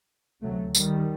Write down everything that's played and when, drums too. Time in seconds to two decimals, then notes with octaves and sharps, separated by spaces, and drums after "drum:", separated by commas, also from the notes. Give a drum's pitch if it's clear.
0.43 D2 C3 F#3 A3
0.75 D#3 G3, drum: tambourine